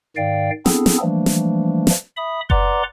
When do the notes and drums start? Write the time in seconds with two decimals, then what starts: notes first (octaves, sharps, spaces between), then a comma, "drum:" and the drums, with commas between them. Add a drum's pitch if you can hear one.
0.16 G#2 D#3 D5 F5 G5
0.66 B3 C4 D4 E4 G#4 A4, drum: snare
0.86 drum: snare
1.02 E3 F3 G3 A3 A#3 D4
1.26 drum: snare
1.87 drum: snare
2.17 E5 B5 D#6
2.50 B4 D5 F#5 A#5 C6 D6, drum: kick F#1